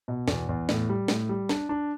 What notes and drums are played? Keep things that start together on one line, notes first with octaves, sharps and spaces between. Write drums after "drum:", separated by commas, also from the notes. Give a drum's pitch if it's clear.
B2
E2, drum: snare
E2
A2, drum: snare
G3
A2, drum: snare
G3
D4, drum: snare
D4